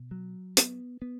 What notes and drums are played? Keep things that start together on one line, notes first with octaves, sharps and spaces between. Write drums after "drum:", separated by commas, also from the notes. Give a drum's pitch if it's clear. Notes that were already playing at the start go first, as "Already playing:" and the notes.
Already playing: B2
F#3
B3, drum: hi-hat
B3